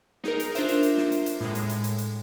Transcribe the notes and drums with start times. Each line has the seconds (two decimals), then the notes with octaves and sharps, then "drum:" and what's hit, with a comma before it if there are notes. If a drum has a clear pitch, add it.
0.24 D#4 G#4 A#4, drum: snare
0.40 drum: hi-hat
0.55 D4 F4 A#4 C5 E5, drum: hi-hat
0.68 drum: hi-hat
0.83 drum: hi-hat
0.97 drum: snare
1.12 drum: hi-hat
1.26 drum: hi-hat
1.41 A2 G#3, drum: snare
1.55 drum: hi-hat
1.69 drum: hi-hat
1.84 drum: hi-hat
1.98 drum: hi-hat